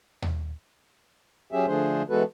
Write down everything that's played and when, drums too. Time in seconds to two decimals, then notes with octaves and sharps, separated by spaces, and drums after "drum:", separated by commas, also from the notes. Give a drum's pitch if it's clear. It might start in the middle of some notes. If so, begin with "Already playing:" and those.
0.22 drum: tom D#2
1.52 F#3 C#4 G4 G#4 E5
1.67 D3 F3 A3 D4 G#4 C5
2.10 E3 G#3 B3 F#4 A4 B4